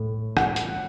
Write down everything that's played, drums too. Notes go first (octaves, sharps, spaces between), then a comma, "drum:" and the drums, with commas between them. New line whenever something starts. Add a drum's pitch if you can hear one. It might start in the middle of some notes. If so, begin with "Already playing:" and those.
Already playing: A2
F#5, drum: rim click
drum: hi-hat